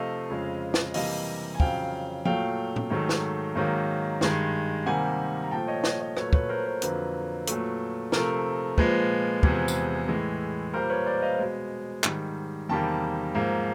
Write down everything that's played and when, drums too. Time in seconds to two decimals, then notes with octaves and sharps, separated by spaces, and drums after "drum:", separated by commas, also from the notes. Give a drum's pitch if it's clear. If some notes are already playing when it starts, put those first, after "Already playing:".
Already playing: C3 F3 A3 D#5 F5
0.30 F2 C#3 F3 G#3
0.74 drum: snare
0.94 C3 E3 G3 A#3 D#5 F5, drum: open hi-hat
1.54 G#5
1.60 F2 C#3 F#3 F5 G5, drum: kick
2.25 A#2 F#3 A3 F5 G5, drum: tom F3
2.76 drum: tom A2
2.90 G#2 D#3 F#3 A3
3.09 drum: snare
3.55 G#2 D#3 F#3 A#3
4.21 G2 D#3 G#3, drum: snare
4.86 C3 D#3 G3 A#3 F#5 G#5
5.43 A#5
5.51 A#2 F3 A3 G5 A5
5.67 C#5 D#5
5.84 C#5 D#5, drum: snare
6.00 C#5 D#5
6.17 A#2 F#3 A3 B4 C#5, drum: rim click
6.33 B4 C#5, drum: kick
6.49 A#4 C5
6.66 B4
6.82 F2 D3 F#3 A#3 B4, drum: hi-hat
7.47 A#2 F#3 A3, drum: hi-hat
8.12 C3 F3 A3 A#4, drum: snare
8.78 A#2 F3 G#3 B4, drum: kick
9.43 E2 C3 F3 G#3, drum: kick
9.68 drum: tambourine
10.08 A2 E3 G#3
10.73 A#2 G3 A#3 A#4 C5
10.90 B4 C#5
11.06 C5 D5
11.22 D#5 F5
11.39 B2 G#3
12.04 G#2 D#3 G3, drum: clap
12.69 E2 C3 D#3 G3 A#3 G5 A5
13.34 G#2 F3 A#3